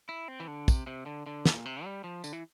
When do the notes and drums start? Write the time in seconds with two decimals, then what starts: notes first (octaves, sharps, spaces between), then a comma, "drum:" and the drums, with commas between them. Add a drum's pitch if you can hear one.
0.09 E4
0.28 C4
0.40 E3
0.48 D3
0.68 C3, drum: kick, tambourine
0.87 C3
1.06 D3
1.26 D3
1.46 A#2, drum: snare
1.65 C3
1.84 G3
2.04 F3
2.24 D3, drum: tambourine
2.33 E3